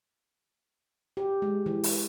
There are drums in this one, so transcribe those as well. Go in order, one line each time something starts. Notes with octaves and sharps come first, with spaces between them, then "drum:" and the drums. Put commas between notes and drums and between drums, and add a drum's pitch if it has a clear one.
G4
G#3
E3
drum: open hi-hat